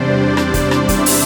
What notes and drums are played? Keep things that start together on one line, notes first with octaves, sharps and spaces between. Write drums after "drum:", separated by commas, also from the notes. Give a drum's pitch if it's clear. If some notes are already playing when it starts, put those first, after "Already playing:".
Already playing: E2 C3 G3 D4 C5 D5
D5, drum: rim click
drum: kick, hi-hat
drum: rim click
E5, drum: kick, hi-hat
drum: open hi-hat